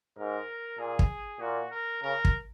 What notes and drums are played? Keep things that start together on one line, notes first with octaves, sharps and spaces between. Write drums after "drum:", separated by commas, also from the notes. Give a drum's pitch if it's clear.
G#2 A#4
A#2 G#4
drum: kick
A#2 F#4
A#4
C#3 A#4
drum: kick